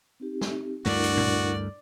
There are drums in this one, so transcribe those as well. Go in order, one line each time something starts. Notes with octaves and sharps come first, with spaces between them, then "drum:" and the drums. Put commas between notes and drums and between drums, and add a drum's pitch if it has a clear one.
C4 D#4 G4
drum: snare
D2 G2 A3 D4 E4 F#4 A#4 D5
drum: hi-hat
drum: tom A#2